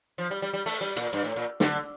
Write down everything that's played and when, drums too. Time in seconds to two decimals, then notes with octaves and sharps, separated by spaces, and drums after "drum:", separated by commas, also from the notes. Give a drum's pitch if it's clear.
0.18 F3
0.31 G3
0.42 G3
0.53 G3
0.66 A3, drum: open hi-hat
0.81 G3
0.96 A#2, drum: hi-hat
1.13 G2
1.24 A2
1.36 A#2
1.60 D3, drum: snare